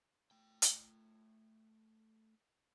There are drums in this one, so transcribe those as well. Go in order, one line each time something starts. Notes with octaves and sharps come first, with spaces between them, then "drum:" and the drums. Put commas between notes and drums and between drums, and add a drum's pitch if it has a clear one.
A3 G5
drum: hi-hat